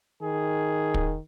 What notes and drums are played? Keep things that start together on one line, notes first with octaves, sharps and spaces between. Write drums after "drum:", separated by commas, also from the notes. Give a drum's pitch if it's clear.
D#3 G#4
drum: kick